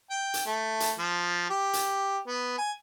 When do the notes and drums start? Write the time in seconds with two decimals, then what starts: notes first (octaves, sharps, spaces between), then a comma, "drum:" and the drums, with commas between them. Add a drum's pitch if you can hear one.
0.10 G5
0.34 drum: hi-hat
0.46 A3
0.80 drum: hi-hat
0.99 F3
1.50 G4
1.73 drum: hi-hat
2.27 B3
2.58 G#5